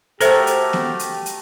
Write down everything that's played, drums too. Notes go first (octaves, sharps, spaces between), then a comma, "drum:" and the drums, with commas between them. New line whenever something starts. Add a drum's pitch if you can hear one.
A3 F#4 G4 A4 A#4 C5 E5, drum: hi-hat
drum: hi-hat
drum: snare B3
drum: hi-hat
drum: hi-hat